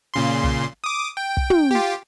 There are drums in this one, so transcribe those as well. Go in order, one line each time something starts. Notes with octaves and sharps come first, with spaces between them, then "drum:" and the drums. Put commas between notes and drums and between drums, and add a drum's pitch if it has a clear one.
A#2 C#3 C6
drum: kick
D6 D#6
G5
drum: kick
drum: tom
F4 G4